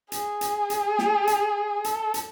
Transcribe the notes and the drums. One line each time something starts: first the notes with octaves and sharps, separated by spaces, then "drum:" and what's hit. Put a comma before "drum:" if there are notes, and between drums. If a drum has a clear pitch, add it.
G#4, drum: hi-hat
drum: hi-hat
drum: hi-hat
drum: snare
drum: hi-hat
A4, drum: hi-hat
drum: hi-hat